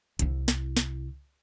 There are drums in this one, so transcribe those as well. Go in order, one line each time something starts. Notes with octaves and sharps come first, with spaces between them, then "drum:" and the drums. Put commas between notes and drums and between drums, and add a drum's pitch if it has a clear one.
C2 E4, drum: hi-hat
drum: snare
drum: snare